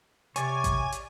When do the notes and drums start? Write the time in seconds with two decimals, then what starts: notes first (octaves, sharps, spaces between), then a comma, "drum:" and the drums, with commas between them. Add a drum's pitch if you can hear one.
0.36 C3 C#5 D5 G#5, drum: hi-hat
0.64 drum: kick A1, hi-hat
0.92 drum: hi-hat